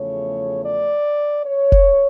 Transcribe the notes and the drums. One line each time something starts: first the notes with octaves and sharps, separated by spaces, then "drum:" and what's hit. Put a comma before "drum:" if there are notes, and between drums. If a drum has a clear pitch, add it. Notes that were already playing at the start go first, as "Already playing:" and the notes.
Already playing: E2 C#3 F3 A3 C#5
D5
C#5
drum: kick F1